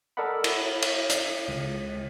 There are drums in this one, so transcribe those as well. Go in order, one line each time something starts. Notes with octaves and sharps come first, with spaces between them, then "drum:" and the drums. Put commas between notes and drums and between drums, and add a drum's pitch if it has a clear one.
A4 A#4 D5 D#5 F#5 B5
E4, drum: cymbal
drum: cymbal
drum: hi-hat
C#2